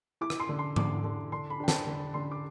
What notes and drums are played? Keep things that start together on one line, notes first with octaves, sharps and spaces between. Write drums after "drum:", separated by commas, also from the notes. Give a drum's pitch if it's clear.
E4 D6
drum: rim click
C6
D3
C6
D3 D6, drum: tom G#2
D3
D3 C6
B5
D4 G5
A5, drum: snare
D3
D3 C6
D6